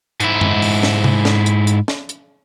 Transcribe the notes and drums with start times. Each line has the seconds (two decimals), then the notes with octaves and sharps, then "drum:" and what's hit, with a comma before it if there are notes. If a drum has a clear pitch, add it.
0.20 G#2 E4, drum: hi-hat
0.41 drum: tom F#2
0.62 drum: open hi-hat
0.83 drum: snare
1.04 drum: tom C3
1.25 drum: snare
1.46 drum: hi-hat
1.67 drum: hi-hat
1.88 drum: snare
2.09 drum: hi-hat